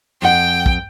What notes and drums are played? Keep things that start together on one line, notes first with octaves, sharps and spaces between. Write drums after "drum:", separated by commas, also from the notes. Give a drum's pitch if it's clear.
F2 F#5 G5
drum: kick